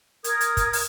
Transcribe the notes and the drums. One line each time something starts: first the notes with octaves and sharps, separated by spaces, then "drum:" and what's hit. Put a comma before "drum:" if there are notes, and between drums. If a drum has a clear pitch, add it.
A#4 D#6 G#6, drum: hi-hat
drum: hi-hat
drum: kick, hi-hat
drum: open hi-hat